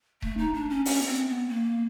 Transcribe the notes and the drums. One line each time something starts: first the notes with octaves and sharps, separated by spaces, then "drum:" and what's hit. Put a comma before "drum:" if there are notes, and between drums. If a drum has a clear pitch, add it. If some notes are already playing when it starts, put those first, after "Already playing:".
A3, drum: kick D#1
D#4
D4
C#4
C#4, drum: open hi-hat
B3
C4
B3
A#3